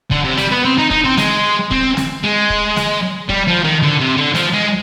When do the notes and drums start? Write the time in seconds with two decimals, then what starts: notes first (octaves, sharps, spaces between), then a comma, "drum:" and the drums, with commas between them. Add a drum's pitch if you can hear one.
0.11 D3, drum: kick
0.25 C3
0.37 G3, drum: snare
0.52 B3
0.65 C4
0.78 D#4
0.91 D#4, drum: kick
1.05 C4
1.17 G#3, drum: snare
1.71 C4, drum: kick
1.97 drum: snare
2.24 G#3
2.50 drum: kick
2.76 drum: snare
3.29 G3, drum: kick
3.47 F3
3.64 D#3
3.82 D3
4.00 C3
4.17 D3
4.35 F3, drum: snare
4.53 G#3